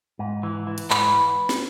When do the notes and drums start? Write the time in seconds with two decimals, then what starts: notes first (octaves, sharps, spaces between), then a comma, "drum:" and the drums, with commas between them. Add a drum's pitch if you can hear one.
0.19 G#2
0.43 E3
0.67 E3
0.78 drum: hi-hat
0.90 G#2 B4, drum: clap
1.49 drum: snare